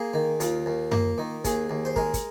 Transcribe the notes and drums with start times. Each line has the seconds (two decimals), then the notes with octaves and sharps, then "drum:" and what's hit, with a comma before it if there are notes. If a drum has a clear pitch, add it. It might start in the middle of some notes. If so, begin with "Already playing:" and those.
Already playing: A#3 G#4
0.14 D#3
0.40 D#2 F4, drum: hi-hat
0.66 D#2
0.92 A#3, drum: tom F#2
1.18 D#3
1.45 D#2 G#4, drum: kick, hi-hat
1.70 D#2
1.85 C5
1.96 G#3 A#4, drum: kick
2.14 drum: kick, hi-hat